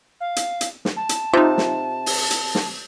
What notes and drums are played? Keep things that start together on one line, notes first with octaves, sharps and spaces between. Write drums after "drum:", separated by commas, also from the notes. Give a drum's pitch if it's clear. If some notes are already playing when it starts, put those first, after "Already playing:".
F5
drum: hi-hat
drum: hi-hat
drum: snare
A5
drum: hi-hat
C3 D#4 F4
drum: snare
drum: open hi-hat
drum: hi-hat
drum: snare